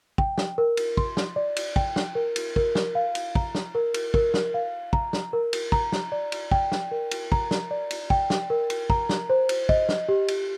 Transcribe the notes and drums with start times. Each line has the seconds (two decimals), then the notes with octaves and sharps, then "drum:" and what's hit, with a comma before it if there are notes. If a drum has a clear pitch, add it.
0.18 G5, drum: kick
0.38 drum: snare
0.58 A#4
0.77 drum: cymbal
0.97 C6, drum: kick
1.17 drum: snare
1.36 D5
1.56 drum: cymbal
1.76 G5, drum: kick
1.96 drum: snare
2.15 A#4
2.36 drum: cymbal
2.56 A#4, drum: kick
2.75 drum: snare
2.95 F5
3.15 drum: cymbal
3.35 A#5, drum: kick
3.55 drum: snare
3.75 A#4
3.94 drum: cymbal
4.14 A#4, drum: kick
4.34 drum: snare
4.54 F5
4.93 A#5, drum: kick
5.13 drum: snare
5.33 A#4
5.53 drum: cymbal
5.72 A#5, drum: kick
5.92 drum: snare
6.12 D5
6.32 drum: cymbal
6.51 G5, drum: kick
6.72 drum: snare
6.92 A#4
7.11 drum: cymbal
7.32 A#5, drum: kick
7.51 drum: snare
7.71 D5
7.91 drum: cymbal
8.10 G5, drum: kick
8.30 drum: snare
8.50 A#4
8.70 drum: cymbal
8.90 A#5, drum: kick
9.09 drum: snare
9.30 C5
9.49 drum: cymbal
9.69 D#5, drum: kick
9.89 drum: snare
10.09 G4
10.28 drum: cymbal